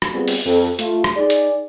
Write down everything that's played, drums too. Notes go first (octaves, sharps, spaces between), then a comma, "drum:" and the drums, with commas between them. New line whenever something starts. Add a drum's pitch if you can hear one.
drum: rim click
G3 B3 C4 F4 G#4
drum: open hi-hat
F2 A4
A3 F4, drum: hi-hat
drum: rim click
D#4 G#4 D5
drum: hi-hat